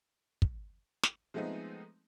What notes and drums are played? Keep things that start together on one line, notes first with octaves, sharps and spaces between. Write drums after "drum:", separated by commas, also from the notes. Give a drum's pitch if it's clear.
drum: kick
drum: snare
F3 G#3 A3 B3 C4 D#4